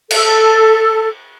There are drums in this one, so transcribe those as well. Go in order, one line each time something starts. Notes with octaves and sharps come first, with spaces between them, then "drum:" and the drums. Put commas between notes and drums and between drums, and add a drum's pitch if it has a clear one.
A4, drum: cymbal